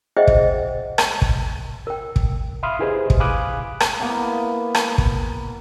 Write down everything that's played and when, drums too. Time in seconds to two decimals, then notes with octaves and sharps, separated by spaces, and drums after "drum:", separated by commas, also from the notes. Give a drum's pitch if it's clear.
0.17 G#4 C5 D#5 E5 F#5 G5
0.27 drum: kick
0.98 drum: rim click
1.22 drum: kick
1.87 A#4 G5
2.16 drum: kick
2.63 E5 F5 B5 C6 D#6 F6
2.79 E4 G4 G#4 B4 C5 D#5
3.10 drum: kick
3.20 F5 G#5 B5 D6 D#6 F#6
3.80 drum: rim click
3.99 A#3 B3 E4
4.75 drum: rim click
4.98 drum: kick